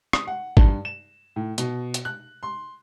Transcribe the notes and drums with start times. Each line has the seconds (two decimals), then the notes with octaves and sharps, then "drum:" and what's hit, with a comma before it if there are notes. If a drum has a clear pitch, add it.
0.13 D#6, drum: rim click
0.27 F#5
0.57 G2, drum: kick G#1
0.85 E7
1.36 A2
1.58 B2, drum: hi-hat
1.94 drum: hi-hat
2.05 F#6
2.43 C6